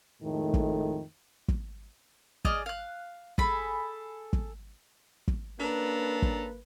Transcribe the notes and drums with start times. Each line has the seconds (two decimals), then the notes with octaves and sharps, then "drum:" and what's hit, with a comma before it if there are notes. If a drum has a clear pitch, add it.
0.22 F2 A2 D#3 G#3 A3
0.54 drum: kick
1.48 drum: kick
2.45 G#4 D5 D#5 F6, drum: kick
2.66 F5 F#6
3.38 G#4 A4 B5, drum: kick
4.33 drum: kick
5.28 drum: kick
5.60 A#3 C#4 D4 A4 B4 A#5
6.22 drum: kick